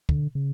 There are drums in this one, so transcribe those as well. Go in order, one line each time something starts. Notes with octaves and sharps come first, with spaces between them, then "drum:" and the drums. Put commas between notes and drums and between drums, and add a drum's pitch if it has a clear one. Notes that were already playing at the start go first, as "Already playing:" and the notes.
D3, drum: kick
C#3